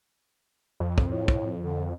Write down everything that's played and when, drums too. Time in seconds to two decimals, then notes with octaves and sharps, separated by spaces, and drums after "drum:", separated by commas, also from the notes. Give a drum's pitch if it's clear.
0.80 F2
0.98 drum: kick
1.09 A2
1.28 drum: kick
1.59 D3